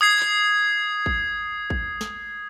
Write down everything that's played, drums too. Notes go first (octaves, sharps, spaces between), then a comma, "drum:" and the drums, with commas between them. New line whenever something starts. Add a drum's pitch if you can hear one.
D#6 G#6 C7
drum: clap
drum: kick
drum: kick
drum: snare